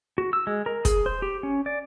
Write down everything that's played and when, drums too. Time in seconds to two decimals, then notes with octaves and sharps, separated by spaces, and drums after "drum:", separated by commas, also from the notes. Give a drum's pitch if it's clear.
0.18 F#4
0.33 E6
0.47 G#3
0.66 A#4
0.85 G#4, drum: kick, hi-hat
1.06 C5
1.22 G4
1.43 C#4
1.66 D5